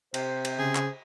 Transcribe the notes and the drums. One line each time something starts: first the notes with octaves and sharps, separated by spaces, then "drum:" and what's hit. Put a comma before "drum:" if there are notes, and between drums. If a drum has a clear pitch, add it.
C3 C5, drum: cymbal
drum: cymbal
C#3 G#4
drum: clap